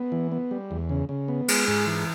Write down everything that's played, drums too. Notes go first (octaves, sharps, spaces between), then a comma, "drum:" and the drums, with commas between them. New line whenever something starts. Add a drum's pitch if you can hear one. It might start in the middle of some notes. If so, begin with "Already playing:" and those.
Already playing: B3
E3
B3
G3
E2
C#3
C#3
B3
G#3, drum: cymbal
G#2
E3